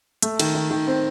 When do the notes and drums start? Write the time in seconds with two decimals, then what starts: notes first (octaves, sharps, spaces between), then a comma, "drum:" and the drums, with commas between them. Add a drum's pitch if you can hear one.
0.22 A3, drum: hi-hat
0.39 D#3, drum: cymbal
0.55 D#3
0.71 D#3
0.87 C4